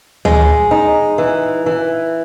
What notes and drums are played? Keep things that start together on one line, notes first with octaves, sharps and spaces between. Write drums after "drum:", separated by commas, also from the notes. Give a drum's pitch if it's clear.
G#3, drum: tom D2
D#4
E3
E3